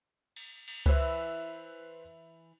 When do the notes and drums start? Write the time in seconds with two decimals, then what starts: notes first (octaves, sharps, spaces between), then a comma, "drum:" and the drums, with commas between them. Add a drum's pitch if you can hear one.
0.36 drum: cymbal
0.68 drum: cymbal
0.86 E3 B4 C5 E5, drum: kick C#2